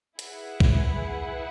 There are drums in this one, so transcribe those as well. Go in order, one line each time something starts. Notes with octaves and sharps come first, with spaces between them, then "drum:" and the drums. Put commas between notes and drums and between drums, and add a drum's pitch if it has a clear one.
E4 G#4 B4 F#5, drum: hi-hat
drum: kick